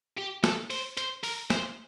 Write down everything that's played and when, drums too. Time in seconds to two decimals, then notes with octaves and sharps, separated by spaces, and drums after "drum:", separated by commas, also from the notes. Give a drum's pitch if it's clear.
0.17 G4
0.44 A4, drum: snare
0.70 C5, drum: open hi-hat
0.97 C5, drum: hi-hat
1.23 A#4, drum: open hi-hat
1.50 C5, drum: snare